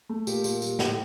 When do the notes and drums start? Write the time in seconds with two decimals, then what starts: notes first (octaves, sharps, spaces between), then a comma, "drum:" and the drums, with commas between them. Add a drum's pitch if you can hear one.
0.09 A3
0.27 A#2 G4, drum: tambourine
0.44 A#2, drum: tambourine
0.62 G3, drum: tambourine
0.79 A2, drum: snare